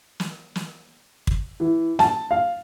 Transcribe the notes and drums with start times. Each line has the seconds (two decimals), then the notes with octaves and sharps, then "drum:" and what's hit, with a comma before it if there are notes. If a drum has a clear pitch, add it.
0.20 drum: snare
0.56 drum: snare
1.27 drum: kick
1.60 E3
1.99 A5, drum: snare
2.31 F5